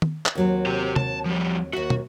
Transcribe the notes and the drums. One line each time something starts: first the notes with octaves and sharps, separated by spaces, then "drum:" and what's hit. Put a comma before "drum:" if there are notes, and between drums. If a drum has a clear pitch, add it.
drum: tom D#3
drum: clap
D#2 F#3 C4
G4 C5
A5, drum: tom C3
F3 G3
D#2 F#4 E5
drum: tom